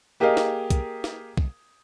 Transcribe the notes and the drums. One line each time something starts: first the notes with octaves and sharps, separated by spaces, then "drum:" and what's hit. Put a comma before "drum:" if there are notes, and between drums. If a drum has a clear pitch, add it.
A#3 G4 G#4 A#4 D#5 F5
drum: snare
drum: kick, hi-hat
drum: snare
drum: kick